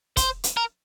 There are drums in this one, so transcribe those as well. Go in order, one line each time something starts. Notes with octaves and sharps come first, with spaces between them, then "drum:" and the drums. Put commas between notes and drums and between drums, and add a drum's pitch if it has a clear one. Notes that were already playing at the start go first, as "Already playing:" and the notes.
C5, drum: kick, hi-hat
drum: hi-hat
A#4